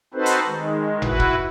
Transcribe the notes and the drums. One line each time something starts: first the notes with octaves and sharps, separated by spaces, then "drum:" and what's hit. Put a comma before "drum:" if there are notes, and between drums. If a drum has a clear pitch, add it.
C4 D#4 F#4 A4 B4 C5
drum: hi-hat
D#3 G#3
E4 F#4 B4, drum: tom G#1
drum: kick